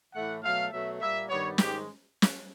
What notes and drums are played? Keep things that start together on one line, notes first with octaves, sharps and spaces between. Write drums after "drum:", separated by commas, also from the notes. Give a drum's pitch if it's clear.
A2 E3 A3 F#5
B2 F#3 A3 F5
B2 F#3 A3 E5
A#2 G3 A#3 E5
G2 D#3 G3 B3 C#5
G#2 D#3 G#3 G4, drum: snare
drum: snare